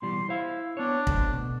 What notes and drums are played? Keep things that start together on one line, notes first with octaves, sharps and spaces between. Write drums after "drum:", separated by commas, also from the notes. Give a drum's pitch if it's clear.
B2 E3 G3 C6
E4 C5 F5
B3 D4 C#5
F#3 A3 C5, drum: kick
B2